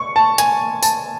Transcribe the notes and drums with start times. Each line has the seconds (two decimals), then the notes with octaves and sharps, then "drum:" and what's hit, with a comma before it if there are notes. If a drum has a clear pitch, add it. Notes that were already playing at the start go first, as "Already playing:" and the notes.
Already playing: C#6
0.16 A5
0.38 G#5, drum: hi-hat
0.83 A5, drum: tambourine